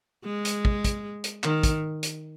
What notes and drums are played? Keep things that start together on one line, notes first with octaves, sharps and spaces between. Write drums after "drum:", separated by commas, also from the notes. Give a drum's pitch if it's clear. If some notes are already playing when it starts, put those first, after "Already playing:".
G#3
drum: hi-hat
drum: kick
drum: kick, hi-hat
drum: hi-hat
D#3, drum: clap
drum: kick, hi-hat
drum: hi-hat